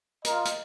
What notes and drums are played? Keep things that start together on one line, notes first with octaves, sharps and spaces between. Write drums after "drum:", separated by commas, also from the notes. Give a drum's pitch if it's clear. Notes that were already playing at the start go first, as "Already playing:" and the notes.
F4 A#4 D#5, drum: hi-hat
drum: hi-hat